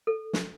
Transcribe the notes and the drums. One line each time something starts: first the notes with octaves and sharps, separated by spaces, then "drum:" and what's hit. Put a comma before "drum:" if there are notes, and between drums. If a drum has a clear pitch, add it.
A4
drum: snare